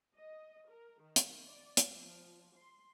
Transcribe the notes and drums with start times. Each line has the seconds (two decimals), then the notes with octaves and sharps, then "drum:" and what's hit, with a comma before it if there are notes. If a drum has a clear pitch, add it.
0.16 D#5
0.69 A#4
1.01 D#3
1.16 drum: hi-hat
1.46 D5
1.77 drum: hi-hat
1.93 F3
2.55 C6